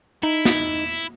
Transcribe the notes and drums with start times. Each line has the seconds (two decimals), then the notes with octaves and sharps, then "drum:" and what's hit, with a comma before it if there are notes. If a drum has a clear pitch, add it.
0.23 D#4 E4
0.45 drum: snare